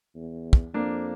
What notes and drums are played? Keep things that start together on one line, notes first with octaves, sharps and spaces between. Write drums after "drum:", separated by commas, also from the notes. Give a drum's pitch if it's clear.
E2
drum: kick
F2 A#3 D4